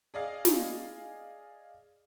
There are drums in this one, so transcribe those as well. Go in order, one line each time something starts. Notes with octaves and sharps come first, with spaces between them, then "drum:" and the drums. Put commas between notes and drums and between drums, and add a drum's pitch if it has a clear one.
G#4 D5 D#5 F5
drum: snare